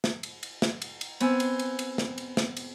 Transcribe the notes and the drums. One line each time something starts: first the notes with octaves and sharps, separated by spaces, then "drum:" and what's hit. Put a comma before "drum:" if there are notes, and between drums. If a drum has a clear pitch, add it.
drum: snare
drum: cymbal
drum: cymbal
drum: snare
drum: cymbal
drum: cymbal
B3 C4 G#5 E6, drum: cymbal
drum: cymbal
drum: cymbal
drum: cymbal
drum: snare
drum: cymbal
drum: snare
drum: cymbal